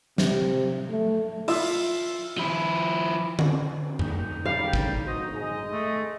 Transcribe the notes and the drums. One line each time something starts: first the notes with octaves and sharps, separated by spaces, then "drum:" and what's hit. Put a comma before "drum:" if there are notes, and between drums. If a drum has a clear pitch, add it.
C3, drum: snare
A3
F4 E5, drum: open hi-hat
F3 E4
drum: tom D3
D#4, drum: tom F2
G2 C#3 G3 F5
drum: kick
F#4 C5 D#5
G#3 G#4 D#5
A3